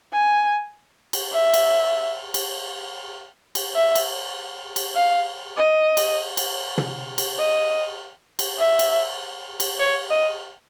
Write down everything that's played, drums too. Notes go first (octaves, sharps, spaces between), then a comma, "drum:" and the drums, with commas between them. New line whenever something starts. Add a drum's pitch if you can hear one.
G#5
drum: cymbal
E5
drum: cymbal
drum: cymbal
drum: cymbal
E5
drum: cymbal
drum: cymbal
F5
D#5
drum: cymbal
drum: cymbal
drum: tom
drum: cymbal
D#5
drum: cymbal
E5
drum: cymbal
drum: cymbal
C#5
D#5